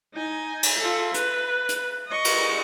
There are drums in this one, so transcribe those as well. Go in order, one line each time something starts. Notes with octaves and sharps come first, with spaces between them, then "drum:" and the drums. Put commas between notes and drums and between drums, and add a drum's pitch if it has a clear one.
D#4 G#5
drum: cymbal
F4 A4
B4, drum: hi-hat
drum: hi-hat
D#5 C#6
drum: cymbal